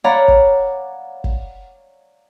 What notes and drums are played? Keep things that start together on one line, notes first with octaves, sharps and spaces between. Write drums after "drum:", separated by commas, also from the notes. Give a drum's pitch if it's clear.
C#5 D5 F5 F#5 A#5 B5
drum: kick
drum: kick